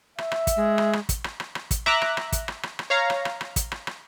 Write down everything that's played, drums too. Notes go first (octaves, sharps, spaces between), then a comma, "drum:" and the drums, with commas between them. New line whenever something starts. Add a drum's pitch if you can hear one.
E5, drum: rim click
drum: rim click
drum: kick, hi-hat
G#3
drum: rim click
drum: rim click
drum: kick, hi-hat
drum: rim click
drum: rim click
drum: rim click
drum: kick, hi-hat
E5 A#5 D6 F#6, drum: rim click
drum: rim click
drum: rim click
drum: kick, hi-hat
drum: rim click
drum: rim click
drum: rim click
C#5 F5 A#5
drum: rim click
drum: rim click
drum: rim click
drum: kick, hi-hat
drum: rim click
drum: rim click